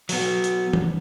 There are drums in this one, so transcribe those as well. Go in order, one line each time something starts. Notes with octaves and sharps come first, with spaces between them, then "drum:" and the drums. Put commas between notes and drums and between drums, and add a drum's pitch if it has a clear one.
F#3 B3, drum: open hi-hat
drum: hi-hat
drum: tom E3